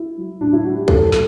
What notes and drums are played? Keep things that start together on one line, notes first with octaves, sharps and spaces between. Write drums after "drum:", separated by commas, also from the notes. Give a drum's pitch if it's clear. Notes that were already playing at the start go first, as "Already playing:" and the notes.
Already playing: E4
F#3
A2 D4
E4
F#3 F#4
G4
A2 A4, drum: kick
F#3, drum: snare